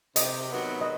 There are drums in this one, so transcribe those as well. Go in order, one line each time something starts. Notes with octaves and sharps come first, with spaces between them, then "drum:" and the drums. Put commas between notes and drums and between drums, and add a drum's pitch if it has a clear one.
C3 D#5, drum: hi-hat
D#3 F#3 B3
D#5